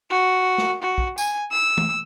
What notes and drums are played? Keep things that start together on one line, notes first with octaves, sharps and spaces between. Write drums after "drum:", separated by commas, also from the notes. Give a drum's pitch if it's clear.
F#4
drum: snare
F#4
drum: kick
G#5, drum: tambourine
E6
drum: tom